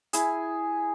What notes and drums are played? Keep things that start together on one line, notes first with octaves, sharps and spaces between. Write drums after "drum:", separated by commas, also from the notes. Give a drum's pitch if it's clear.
E4 G#4, drum: hi-hat